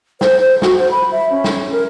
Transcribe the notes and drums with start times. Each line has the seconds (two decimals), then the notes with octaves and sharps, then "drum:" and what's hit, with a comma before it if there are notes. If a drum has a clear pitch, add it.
0.21 C5, drum: snare
0.40 C5
0.62 F#4, drum: snare
0.78 C5
0.91 B5
1.12 E5
1.31 C#4
1.44 drum: snare
1.71 A#4